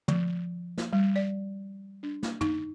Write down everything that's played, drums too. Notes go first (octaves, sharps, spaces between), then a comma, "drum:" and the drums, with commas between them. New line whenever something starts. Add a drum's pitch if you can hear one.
F3, drum: tom
drum: snare
G3
D5
D4
drum: snare
D#4, drum: tom